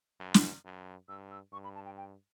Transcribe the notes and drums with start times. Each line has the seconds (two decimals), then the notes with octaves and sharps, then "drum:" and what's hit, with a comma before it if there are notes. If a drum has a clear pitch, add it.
0.19 F#2
0.34 drum: snare
0.65 F#2
1.08 G2 E6
1.31 E6
1.52 G2 C#6
1.64 B5
1.75 A5
1.86 G5
1.97 G5